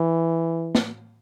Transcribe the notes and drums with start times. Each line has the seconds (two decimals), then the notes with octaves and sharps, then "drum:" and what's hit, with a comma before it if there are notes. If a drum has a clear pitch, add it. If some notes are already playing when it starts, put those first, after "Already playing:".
Already playing: E3
0.75 drum: snare